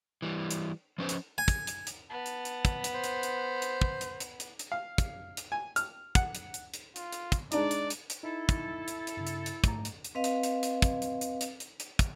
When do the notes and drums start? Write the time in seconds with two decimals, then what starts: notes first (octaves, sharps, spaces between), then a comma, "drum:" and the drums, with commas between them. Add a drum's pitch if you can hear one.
0.22 E3 G3
0.51 drum: hi-hat
0.98 F3 C#4 B4 C5
1.09 drum: hi-hat
1.38 G#5
1.48 drum: kick, hi-hat
1.67 drum: hi-hat
1.87 drum: hi-hat
2.10 B3 A5
2.26 drum: hi-hat
2.45 drum: hi-hat
2.65 drum: kick, hi-hat
2.84 drum: hi-hat
2.95 C5
3.04 drum: hi-hat
3.23 drum: hi-hat
3.62 drum: hi-hat
3.81 drum: kick
4.01 drum: hi-hat
4.20 drum: hi-hat
4.40 drum: hi-hat
4.59 drum: hi-hat
4.72 F5
4.98 drum: kick, hi-hat
5.37 drum: hi-hat
5.52 G#5
5.76 F6, drum: hi-hat
6.15 F#5, drum: kick, hi-hat
6.35 drum: hi-hat
6.54 drum: hi-hat
6.74 drum: hi-hat
6.96 F4, drum: hi-hat
7.12 drum: hi-hat
7.32 drum: kick, hi-hat
7.52 G#3 D4 D#4 D5, drum: hi-hat
7.71 drum: hi-hat
7.90 drum: hi-hat
8.10 drum: hi-hat
8.23 D#4 E4 A4
8.49 drum: kick, hi-hat
8.88 drum: hi-hat
9.07 drum: hi-hat
9.17 G2 C#3
9.27 drum: hi-hat
9.46 drum: hi-hat
9.64 G#2 A3 A#5, drum: kick, hi-hat
9.85 drum: hi-hat
10.05 drum: hi-hat
10.15 C4 B4 D#5 F5
10.24 drum: hi-hat
10.43 drum: hi-hat
10.63 drum: hi-hat
10.82 drum: kick, hi-hat
11.02 drum: hi-hat
11.21 drum: hi-hat
11.41 drum: hi-hat
11.60 drum: hi-hat
11.80 drum: hi-hat
11.99 drum: kick, hi-hat